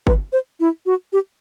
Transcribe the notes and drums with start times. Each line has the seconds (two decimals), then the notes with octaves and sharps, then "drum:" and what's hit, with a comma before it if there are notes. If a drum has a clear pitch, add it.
0.07 B4, drum: kick G1
0.33 C5
0.60 E4
0.86 F#4
1.13 G4